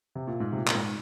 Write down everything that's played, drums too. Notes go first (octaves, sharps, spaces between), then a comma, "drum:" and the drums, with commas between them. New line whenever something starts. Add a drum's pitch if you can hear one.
C3
A#2
G#2
C3
A#2
A#2, drum: clap
G#2